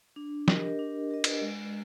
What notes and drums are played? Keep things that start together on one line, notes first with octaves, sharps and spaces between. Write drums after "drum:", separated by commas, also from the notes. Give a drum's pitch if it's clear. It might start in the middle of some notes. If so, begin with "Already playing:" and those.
D4
G4 A#4 D#5, drum: snare
D4
G4 A#4 D#5
drum: cymbal
G#3